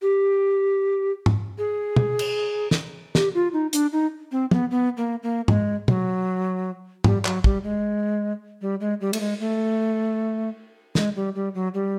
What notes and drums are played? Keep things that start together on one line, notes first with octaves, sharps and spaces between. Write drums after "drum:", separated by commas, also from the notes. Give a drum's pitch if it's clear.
G4
drum: tom
G#4
drum: tom
drum: cymbal
drum: snare
G4, drum: snare
F4
D#4
D4, drum: hi-hat
D#4
C4
B3, drum: tom
B3
A#3
A#3
G#3, drum: tom
F#3, drum: tom
G3, drum: tom
F#3, drum: clap
G3, drum: kick
G#3
G3
G#3
G3
A3, drum: cymbal
G#3
A3
G#3, drum: snare
G3
G3
F#3
G3